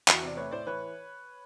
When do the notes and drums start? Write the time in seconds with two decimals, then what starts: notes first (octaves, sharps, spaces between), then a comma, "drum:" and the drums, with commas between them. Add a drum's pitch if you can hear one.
0.08 E2 E4 F#4, drum: clap
0.22 C3 D5
0.37 A3 B4 C#5
0.51 A2 C5 D5
0.67 E3 B4 C#5